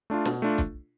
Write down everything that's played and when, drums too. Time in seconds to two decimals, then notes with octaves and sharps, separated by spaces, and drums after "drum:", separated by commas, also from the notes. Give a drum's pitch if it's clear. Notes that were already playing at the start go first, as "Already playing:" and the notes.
0.10 A3 D4 F4
0.25 B2, drum: snare
0.42 A3 D4 F4
0.58 drum: kick, hi-hat